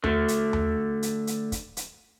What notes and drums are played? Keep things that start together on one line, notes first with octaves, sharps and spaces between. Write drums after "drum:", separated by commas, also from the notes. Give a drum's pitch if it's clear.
D3 A3, drum: tom D#2
drum: hi-hat
drum: tom D#2
drum: hi-hat
drum: hi-hat
drum: kick, hi-hat
drum: hi-hat